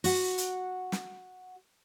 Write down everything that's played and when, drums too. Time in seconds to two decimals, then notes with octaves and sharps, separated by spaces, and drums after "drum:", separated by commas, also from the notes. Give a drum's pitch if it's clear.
0.04 F#4 F#5, drum: open hi-hat
0.38 drum: hi-hat
0.92 drum: snare